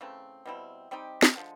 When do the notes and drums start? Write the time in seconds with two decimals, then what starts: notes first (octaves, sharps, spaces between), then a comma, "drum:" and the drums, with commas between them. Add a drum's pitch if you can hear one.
0.01 C#3 E3 A3 C4
0.46 B2 G3 C4 E4
0.91 G3 C4 D#4 G4
1.22 drum: snare
1.36 D3 F3 G#3